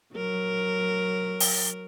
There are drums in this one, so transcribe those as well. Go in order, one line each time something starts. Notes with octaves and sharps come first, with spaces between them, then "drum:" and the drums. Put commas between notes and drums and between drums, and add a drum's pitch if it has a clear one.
F#3 A#4
drum: open hi-hat